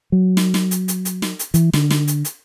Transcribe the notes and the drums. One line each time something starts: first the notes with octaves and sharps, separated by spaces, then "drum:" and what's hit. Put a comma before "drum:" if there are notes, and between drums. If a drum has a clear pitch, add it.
F#3
drum: snare
drum: snare
drum: hi-hat
drum: hi-hat
drum: hi-hat
drum: snare
drum: hi-hat
E3, drum: hi-hat
D3, drum: snare
drum: snare
drum: hi-hat
drum: hi-hat